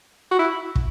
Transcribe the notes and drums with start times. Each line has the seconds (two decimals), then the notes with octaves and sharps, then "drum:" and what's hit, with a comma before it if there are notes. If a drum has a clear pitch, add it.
0.31 F#4
0.39 E4
0.75 drum: kick